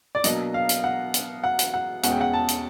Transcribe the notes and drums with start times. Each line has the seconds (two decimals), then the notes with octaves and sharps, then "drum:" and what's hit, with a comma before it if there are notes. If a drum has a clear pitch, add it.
0.15 D5
0.24 B2 F#3 A#3 D4 D#5, drum: hi-hat
0.54 F5
0.69 drum: hi-hat
0.84 F#5
1.14 drum: hi-hat
1.44 F#5
1.59 drum: hi-hat
1.74 F#5
2.03 E2 B2 G#3 C#4 F#5, drum: hi-hat
2.12 G5
2.21 F#5
2.33 A5
2.48 drum: hi-hat